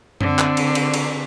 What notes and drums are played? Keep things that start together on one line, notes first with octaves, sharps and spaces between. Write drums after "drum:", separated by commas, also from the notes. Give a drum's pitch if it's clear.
D3 C4, drum: tom F#2
drum: clap
drum: cymbal
drum: cymbal
drum: cymbal